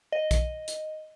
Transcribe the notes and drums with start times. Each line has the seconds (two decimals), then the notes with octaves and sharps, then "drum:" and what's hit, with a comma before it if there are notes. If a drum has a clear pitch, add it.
0.12 D#5
0.31 drum: kick, hi-hat
0.68 drum: hi-hat